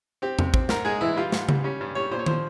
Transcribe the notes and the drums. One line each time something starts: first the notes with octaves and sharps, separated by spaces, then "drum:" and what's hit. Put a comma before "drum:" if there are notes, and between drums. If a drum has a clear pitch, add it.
C4 G4
C3, drum: tom E2
C4, drum: kick
G#2 A#4, drum: snare
G#3 G#4
E3 E4
G3 F4
G#2, drum: snare
G3, drum: tom C#3
G3 C#4
G2
G3 C#5
A#2 C5
C#5
F3 C5, drum: tom